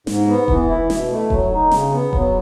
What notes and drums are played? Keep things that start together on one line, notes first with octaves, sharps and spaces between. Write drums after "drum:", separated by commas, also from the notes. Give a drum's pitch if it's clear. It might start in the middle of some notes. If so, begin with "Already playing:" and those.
G#2, drum: snare
B3
E3, drum: kick E1
E4
B2, drum: snare
A3
F#3, drum: kick E1
D#4
C#3, drum: snare
B3
F#3, drum: kick E1